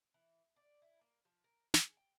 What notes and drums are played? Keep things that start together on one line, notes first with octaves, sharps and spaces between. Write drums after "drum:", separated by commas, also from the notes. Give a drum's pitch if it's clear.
E3
D5
E4
A#3
F3
A#4
G#4, drum: snare
G5